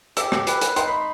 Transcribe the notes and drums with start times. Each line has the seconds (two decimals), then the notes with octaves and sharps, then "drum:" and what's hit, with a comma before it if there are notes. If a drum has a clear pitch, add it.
0.17 G4 E6, drum: hi-hat
0.32 drum: rim click
0.47 B4, drum: hi-hat
0.61 drum: hi-hat
0.76 D#4 C6, drum: hi-hat
0.88 B5